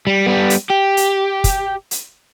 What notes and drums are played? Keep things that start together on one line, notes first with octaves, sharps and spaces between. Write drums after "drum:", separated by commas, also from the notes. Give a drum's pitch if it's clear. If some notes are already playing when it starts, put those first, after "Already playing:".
G3
G3 B3
drum: hi-hat
G4
drum: hi-hat
drum: kick, hi-hat
drum: hi-hat